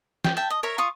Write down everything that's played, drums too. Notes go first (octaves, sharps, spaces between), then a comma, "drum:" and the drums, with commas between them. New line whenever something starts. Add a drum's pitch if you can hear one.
G5, drum: snare
E5 G5 A5
D#5
A#4 C#5 E5 A#5
F4 C#6 D#6